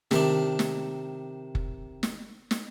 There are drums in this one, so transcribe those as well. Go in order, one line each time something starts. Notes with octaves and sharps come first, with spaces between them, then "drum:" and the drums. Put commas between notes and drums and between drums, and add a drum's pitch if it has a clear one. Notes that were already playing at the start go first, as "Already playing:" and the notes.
C3 D#3 D4, drum: snare
drum: snare
drum: kick F#1
drum: snare
drum: snare